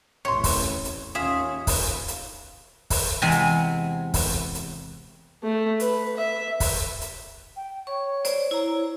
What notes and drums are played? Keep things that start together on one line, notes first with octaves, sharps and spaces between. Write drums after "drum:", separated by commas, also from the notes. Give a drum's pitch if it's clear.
A1 E2 C3 C#5 C6
drum: kick, open hi-hat
drum: hi-hat
D#2 D#3 C#4 F4 G#4 E5
drum: kick, open hi-hat
drum: hi-hat
drum: kick, open hi-hat
E2 C3 G#3 C4 G#5
drum: hi-hat
drum: kick, open hi-hat
drum: hi-hat
A3
B4, drum: hi-hat
E5
drum: kick, open hi-hat
drum: hi-hat
G5
C#5 C#6
C5 D5, drum: hi-hat
E4 A#5